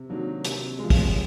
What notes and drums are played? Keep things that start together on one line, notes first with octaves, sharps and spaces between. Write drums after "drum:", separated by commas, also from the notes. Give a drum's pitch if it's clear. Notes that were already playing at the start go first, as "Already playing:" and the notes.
Already playing: C3
D#3 F#3 A#3 D4
C3, drum: hi-hat
F3 G#3
drum: kick, open hi-hat